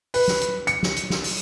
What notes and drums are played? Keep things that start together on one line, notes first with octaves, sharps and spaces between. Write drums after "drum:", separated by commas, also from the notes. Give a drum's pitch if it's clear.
B4, drum: open hi-hat
drum: snare
drum: hi-hat
C#7, drum: hi-hat
drum: snare
drum: hi-hat
drum: snare
drum: open hi-hat